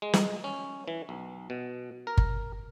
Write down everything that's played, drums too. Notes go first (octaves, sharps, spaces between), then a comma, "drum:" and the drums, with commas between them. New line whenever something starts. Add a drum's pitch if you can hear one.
G#3
drum: snare
C#4
E3
B1
B2
A#4
drum: kick G1